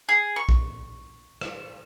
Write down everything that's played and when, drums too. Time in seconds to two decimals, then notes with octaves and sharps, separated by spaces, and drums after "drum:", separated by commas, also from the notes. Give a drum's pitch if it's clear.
0.09 G#4
0.36 C#6
0.49 drum: kick
1.41 drum: rim click